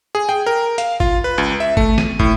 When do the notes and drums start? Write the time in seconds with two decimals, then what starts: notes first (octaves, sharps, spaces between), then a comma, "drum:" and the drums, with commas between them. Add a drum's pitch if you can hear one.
0.15 G#4
0.29 G5
0.46 A#4
0.78 F5, drum: hi-hat
1.00 F4, drum: kick
1.24 B4
1.38 C#2
1.60 E5
1.77 A3, drum: kick
1.98 D#7, drum: snare
2.19 A2, drum: kick